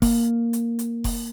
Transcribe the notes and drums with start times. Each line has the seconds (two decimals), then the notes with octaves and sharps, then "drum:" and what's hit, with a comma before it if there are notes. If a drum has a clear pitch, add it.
0.02 A#3, drum: kick F1, open hi-hat
0.53 drum: hi-hat
0.79 drum: hi-hat
1.04 drum: kick F1, open hi-hat